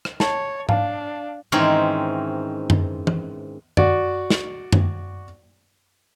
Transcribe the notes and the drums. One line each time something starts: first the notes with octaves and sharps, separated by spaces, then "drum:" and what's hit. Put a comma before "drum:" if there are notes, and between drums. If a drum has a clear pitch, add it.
drum: rim click
C#5 A5, drum: snare
D4 F5 A5, drum: tom G#2
G#2 D#3 E3 C4 C#4 A#5
drum: tom F#2
drum: tom E3
F#4 D5, drum: tom F#2
drum: snare
drum: tom F#2